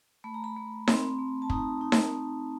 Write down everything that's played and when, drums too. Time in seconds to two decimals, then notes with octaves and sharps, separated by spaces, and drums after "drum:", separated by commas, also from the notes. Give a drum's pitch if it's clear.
0.24 A3 B5
0.34 A#5
0.44 B5
0.57 A3
0.88 C4, drum: snare D#4
1.19 A3
1.42 A5
1.50 D#4 A#5, drum: kick
1.81 D#4
1.92 drum: snare D#4